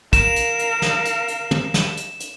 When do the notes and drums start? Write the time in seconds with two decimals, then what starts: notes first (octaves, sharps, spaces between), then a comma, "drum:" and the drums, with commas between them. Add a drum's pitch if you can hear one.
0.13 A#4 F5 E7, drum: kick, hi-hat
0.36 drum: hi-hat
0.59 drum: hi-hat
0.82 drum: snare
1.05 drum: hi-hat
1.28 drum: hi-hat
1.51 drum: tom
1.74 drum: snare
1.97 drum: hi-hat
2.20 drum: hi-hat